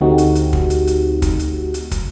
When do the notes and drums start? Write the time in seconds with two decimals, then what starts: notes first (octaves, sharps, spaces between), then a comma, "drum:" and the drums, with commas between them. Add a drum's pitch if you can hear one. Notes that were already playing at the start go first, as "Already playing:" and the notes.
0.01 D2 A3 C4 D#4 F#4 G4
0.18 drum: hi-hat
0.35 drum: hi-hat
0.53 drum: kick
0.70 drum: hi-hat
0.87 drum: hi-hat
1.22 drum: kick, hi-hat
1.39 drum: hi-hat
1.74 drum: hi-hat
1.91 drum: kick, hi-hat